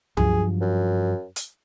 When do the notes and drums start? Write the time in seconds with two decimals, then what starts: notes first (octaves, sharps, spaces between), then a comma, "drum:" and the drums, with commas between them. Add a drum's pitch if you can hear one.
0.17 G2 F3 F#3 G#4, drum: tom C#2
0.61 F#2
1.36 drum: hi-hat